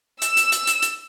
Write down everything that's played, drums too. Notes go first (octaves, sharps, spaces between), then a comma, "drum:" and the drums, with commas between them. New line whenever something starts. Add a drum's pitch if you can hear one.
E6 E7, drum: hi-hat
drum: hi-hat
drum: hi-hat
drum: hi-hat
drum: hi-hat